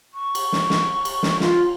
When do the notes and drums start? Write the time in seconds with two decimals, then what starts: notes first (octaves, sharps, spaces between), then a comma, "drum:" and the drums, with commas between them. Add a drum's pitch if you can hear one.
0.14 C#6
0.35 drum: cymbal
0.52 drum: snare
0.70 drum: snare
1.05 drum: cymbal
1.23 drum: snare
1.40 F4, drum: snare